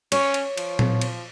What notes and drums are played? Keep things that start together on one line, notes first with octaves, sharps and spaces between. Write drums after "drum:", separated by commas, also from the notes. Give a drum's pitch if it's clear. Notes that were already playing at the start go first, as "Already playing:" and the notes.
C#4 C#5, drum: cymbal
drum: cymbal
F3, drum: cymbal
drum: tom
drum: cymbal